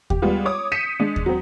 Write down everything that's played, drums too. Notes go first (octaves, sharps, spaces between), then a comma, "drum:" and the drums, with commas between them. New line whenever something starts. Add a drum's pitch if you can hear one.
G4, drum: kick D#2
G3 G#3 B3 F4
C#5 D6 D#6
G6 B6 C#7 D#7 E7
G#3 D4
drum: kick D#2
F#3 C4